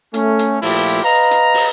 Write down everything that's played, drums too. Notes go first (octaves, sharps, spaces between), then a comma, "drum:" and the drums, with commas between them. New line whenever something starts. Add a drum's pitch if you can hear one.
A3 C#4, drum: hi-hat
drum: hi-hat
A#2 F3 A3 E4 F4 G4, drum: open hi-hat
B4 D#5 F5 A#5
drum: hi-hat
drum: open hi-hat